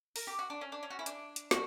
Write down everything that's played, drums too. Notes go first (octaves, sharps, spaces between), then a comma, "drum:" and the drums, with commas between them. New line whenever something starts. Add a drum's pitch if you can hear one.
A#4, drum: open hi-hat
G4
F#4
D4
C#4
D4
C#4
F#4
E4
D4, drum: hi-hat
drum: hi-hat
F#4, drum: snare